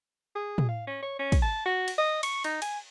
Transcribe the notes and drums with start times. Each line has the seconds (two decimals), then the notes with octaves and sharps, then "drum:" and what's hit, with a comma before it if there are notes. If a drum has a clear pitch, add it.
0.36 G#4
0.58 drum: tom
0.69 F5
0.87 C#4
1.02 C#5
1.19 C#4
1.32 drum: kick, cymbal
1.42 A5
1.66 F#4
1.88 drum: cymbal
1.98 D#5
2.23 C#6, drum: cymbal
2.44 D#4, drum: cymbal
2.62 G#5, drum: cymbal